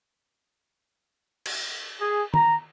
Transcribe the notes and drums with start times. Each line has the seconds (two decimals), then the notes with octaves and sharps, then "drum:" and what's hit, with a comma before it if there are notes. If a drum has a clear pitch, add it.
1.46 drum: cymbal
1.99 G#4
2.34 A#5, drum: tom